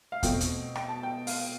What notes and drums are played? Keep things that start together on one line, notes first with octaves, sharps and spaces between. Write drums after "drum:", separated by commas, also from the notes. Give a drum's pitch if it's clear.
F5
B2 A3 C4 G5, drum: kick E2, hi-hat
drum: hi-hat
G5, drum: rim click
A5
G5
F5, drum: open hi-hat